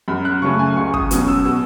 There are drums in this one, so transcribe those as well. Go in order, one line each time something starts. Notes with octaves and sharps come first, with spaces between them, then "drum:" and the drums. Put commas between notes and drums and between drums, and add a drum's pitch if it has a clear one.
F#2 B5
F#6
C#3 F#3 A3 C#4 C#6
G#5
C#2 C#6
D#6, drum: kick
B2 F#3 C#4 D#6, drum: hi-hat
E6
B2